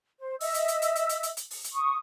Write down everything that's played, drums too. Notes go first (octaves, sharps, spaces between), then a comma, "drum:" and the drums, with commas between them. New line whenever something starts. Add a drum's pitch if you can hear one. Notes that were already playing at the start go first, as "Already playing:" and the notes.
C5
D#5 E5 E6, drum: open hi-hat
drum: hi-hat
drum: hi-hat
drum: hi-hat
drum: hi-hat
drum: hi-hat
drum: hi-hat
drum: hi-hat
drum: open hi-hat
drum: hi-hat
C#6 D#6